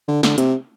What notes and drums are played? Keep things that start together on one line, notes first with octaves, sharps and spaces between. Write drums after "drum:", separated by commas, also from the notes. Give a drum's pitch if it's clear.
D3
D3, drum: snare
C3, drum: hi-hat